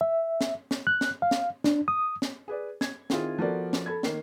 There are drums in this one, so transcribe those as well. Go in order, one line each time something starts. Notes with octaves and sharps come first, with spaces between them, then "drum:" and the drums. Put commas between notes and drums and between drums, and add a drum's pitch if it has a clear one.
E5
drum: snare
drum: snare
F#6
drum: snare
F5
drum: snare
D4, drum: snare
D#6
drum: snare
G#4 B4 D5
G#6, drum: snare
D#3 C4 E4 F4 G#4, drum: snare
F3 B3 F#4 A4 A#4 D5
drum: snare
A4 B5 G#6
D#3 A#3 C7, drum: snare